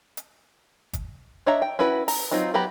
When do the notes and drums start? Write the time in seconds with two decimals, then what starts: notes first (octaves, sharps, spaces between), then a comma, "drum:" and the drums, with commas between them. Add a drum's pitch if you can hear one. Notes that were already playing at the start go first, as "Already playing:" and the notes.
0.17 drum: hi-hat
0.93 drum: kick, hi-hat
1.46 D4 C#5 D#5 E5 A#5
1.62 G5
1.79 C#4 E4 F#4 B4
2.08 A#5, drum: open hi-hat
2.31 F#3 C4 D#4 F4
2.54 F#3 B3 G4 A#5 B5